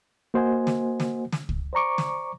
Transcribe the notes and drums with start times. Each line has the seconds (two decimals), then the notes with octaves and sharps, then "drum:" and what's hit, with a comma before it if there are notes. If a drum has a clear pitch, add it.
0.34 A#3 F#4 C5 D#5 F#5 G#5
0.67 drum: snare
1.00 drum: snare
1.32 drum: snare
1.49 drum: kick
1.73 C5 D5 A#5 C#6 D6
1.98 drum: snare